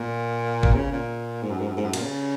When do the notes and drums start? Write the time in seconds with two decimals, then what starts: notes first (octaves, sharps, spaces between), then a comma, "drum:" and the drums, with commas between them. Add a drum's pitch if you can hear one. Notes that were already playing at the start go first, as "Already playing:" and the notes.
Already playing: A#2
0.63 drum: kick G1
0.75 C#3
0.92 A#2
1.42 G#2
1.51 F#2
1.59 G#2
1.67 F#2
1.77 G#2
1.85 F#2
1.93 A#2, drum: cymbal
2.02 C#3